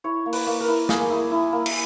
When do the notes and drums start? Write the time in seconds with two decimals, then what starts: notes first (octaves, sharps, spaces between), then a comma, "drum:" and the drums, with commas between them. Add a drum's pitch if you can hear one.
0.04 E4 C#5
0.26 A#3
0.33 B4, drum: open hi-hat
0.47 A#3
0.60 A#4
0.68 E4
0.89 A#3 G#4, drum: snare
1.10 E4
1.31 E4
1.52 A#3
1.66 drum: cymbal